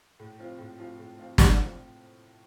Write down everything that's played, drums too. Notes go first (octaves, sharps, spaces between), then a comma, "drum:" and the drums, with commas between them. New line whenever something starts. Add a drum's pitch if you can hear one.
A2
F3 C4 F4
A2
F3 C4 F4
A2
F3 C4 F4
A2, drum: snare
F3 C4 F4